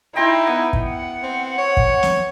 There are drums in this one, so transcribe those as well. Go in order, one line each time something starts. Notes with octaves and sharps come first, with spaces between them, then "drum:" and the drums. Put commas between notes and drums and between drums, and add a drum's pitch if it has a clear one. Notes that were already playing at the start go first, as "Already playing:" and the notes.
D#4 E4 G5 A#5 C6
B3
drum: kick
F#5
C4
C#5
drum: kick
drum: snare